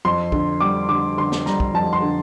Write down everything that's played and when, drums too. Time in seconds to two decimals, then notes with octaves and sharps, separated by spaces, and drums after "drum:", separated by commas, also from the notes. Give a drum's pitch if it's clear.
0.05 F2 C6
0.32 D3, drum: kick
0.60 G3 D6
0.89 D3 D6
1.18 D3 C6
1.32 drum: snare
1.46 G3 A#5, drum: snare
1.60 drum: kick
1.74 F2 A5
1.93 C6
2.02 D3